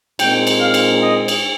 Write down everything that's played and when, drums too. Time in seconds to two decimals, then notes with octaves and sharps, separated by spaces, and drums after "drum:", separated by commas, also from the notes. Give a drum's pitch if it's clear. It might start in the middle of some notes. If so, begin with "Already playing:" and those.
0.19 A#2 G#3 C4 D#4 G5, drum: cymbal
0.47 drum: cymbal
0.60 F5
0.74 drum: cymbal
1.01 D#5
1.28 drum: cymbal